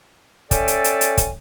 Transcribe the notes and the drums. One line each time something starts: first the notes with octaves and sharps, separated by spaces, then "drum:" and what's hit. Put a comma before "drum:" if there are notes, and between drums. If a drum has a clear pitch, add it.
C#4 A4 D5 E5 G5 G#5, drum: kick, hi-hat
drum: hi-hat
drum: hi-hat
drum: hi-hat
drum: kick, hi-hat